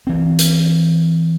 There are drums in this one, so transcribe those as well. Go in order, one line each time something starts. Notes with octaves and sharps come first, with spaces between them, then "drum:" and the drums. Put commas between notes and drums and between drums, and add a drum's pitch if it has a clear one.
E3 C4
drum: hi-hat